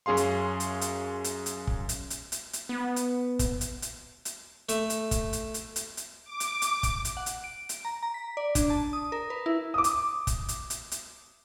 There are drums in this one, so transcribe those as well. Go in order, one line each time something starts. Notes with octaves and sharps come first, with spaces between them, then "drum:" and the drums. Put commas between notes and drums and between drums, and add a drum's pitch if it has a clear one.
F#2 C#4 G#4 F5 C6
drum: hi-hat
drum: hi-hat
drum: hi-hat
drum: hi-hat
drum: hi-hat
drum: kick
drum: hi-hat
drum: hi-hat
drum: hi-hat
drum: hi-hat
B3
drum: hi-hat
drum: kick, hi-hat
drum: hi-hat
drum: hi-hat
drum: hi-hat
A3, drum: hi-hat
drum: hi-hat
drum: kick, hi-hat
drum: hi-hat
drum: hi-hat
drum: hi-hat
drum: hi-hat
D6
drum: hi-hat
drum: hi-hat
drum: kick, hi-hat
drum: hi-hat
F#5
drum: hi-hat
D7
drum: hi-hat
A#5
A#5
B6
D5
D4, drum: kick, hi-hat
A5
D#6
A#4
B4
E4
D6 D#6
drum: hi-hat
drum: kick, hi-hat
drum: hi-hat
drum: hi-hat
drum: hi-hat